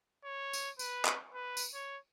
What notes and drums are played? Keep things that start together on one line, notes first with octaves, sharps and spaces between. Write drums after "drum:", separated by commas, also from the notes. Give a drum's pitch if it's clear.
C#5
drum: tambourine
B4, drum: tambourine
drum: clap
B4
drum: tambourine
C#5